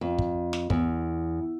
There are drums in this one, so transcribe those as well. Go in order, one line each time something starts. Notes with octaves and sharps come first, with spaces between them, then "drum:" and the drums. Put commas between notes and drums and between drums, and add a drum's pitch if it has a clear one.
F2
drum: kick
drum: snare
E2, drum: kick